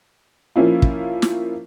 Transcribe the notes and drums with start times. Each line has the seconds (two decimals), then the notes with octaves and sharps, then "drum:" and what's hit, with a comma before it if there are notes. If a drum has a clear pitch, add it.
0.56 F3 A#3 C#4 E4 F4
0.82 drum: kick
1.22 drum: snare